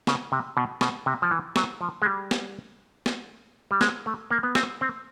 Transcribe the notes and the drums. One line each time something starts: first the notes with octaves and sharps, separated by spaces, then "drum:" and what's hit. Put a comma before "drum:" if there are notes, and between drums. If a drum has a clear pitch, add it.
C#3, drum: snare
C3
B2
B2, drum: snare
C3
F3
E3
F#3, drum: snare
F3
G#3
G3
drum: snare
drum: snare
G3
G#3, drum: snare
A3
A#3
B3
C4, drum: snare
C4